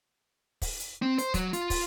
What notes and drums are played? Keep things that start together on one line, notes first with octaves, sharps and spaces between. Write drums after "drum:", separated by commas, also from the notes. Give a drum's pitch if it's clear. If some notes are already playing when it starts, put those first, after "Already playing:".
drum: kick, open hi-hat
drum: hi-hat
C4
C5, drum: hi-hat
F#3, drum: kick, hi-hat
F4, drum: hi-hat
drum: kick, open hi-hat